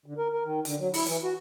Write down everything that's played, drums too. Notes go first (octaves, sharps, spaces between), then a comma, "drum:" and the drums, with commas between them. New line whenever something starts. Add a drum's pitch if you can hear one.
D3
A#4
A#4
D#3
D3, drum: hi-hat
F#3
E4, drum: open hi-hat
E3, drum: hi-hat
F#4